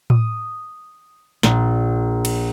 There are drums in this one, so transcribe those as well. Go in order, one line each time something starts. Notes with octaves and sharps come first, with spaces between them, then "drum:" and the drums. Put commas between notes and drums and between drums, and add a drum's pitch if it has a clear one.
D#6, drum: tom A2
A#1, drum: snare
drum: cymbal